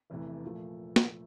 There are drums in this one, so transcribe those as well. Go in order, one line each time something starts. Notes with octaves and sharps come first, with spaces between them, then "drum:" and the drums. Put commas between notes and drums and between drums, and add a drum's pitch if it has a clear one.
F1 E2 C3 E3 A3
A#2 F3 A3
drum: snare